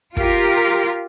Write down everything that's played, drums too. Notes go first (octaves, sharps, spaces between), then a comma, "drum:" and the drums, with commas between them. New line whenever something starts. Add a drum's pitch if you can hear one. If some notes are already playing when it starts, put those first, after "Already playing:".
F4 G4 A#4, drum: kick